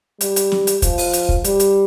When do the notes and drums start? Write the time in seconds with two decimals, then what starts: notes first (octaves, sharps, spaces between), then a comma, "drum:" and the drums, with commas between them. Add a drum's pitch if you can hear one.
0.21 G3, drum: hi-hat
0.36 drum: hi-hat
0.52 drum: snare
0.67 drum: hi-hat
0.82 F3, drum: kick, hi-hat
0.98 drum: open hi-hat
1.13 drum: hi-hat
1.29 drum: kick
1.44 G3, drum: hi-hat
1.60 drum: hi-hat